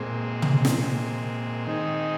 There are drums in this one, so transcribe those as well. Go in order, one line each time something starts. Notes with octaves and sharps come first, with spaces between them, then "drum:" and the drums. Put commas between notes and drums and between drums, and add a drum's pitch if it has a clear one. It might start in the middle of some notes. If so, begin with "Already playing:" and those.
Already playing: A#2 G#3 C4
drum: tom
drum: snare
A#2 G#3 C4
D#3 C4 D#4 G#4